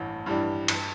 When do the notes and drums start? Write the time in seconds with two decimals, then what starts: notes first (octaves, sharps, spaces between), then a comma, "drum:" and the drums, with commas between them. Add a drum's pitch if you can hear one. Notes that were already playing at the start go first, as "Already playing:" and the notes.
Already playing: A1 G2 E3
0.26 G2 E3 G3 D4
0.68 G2, drum: cymbal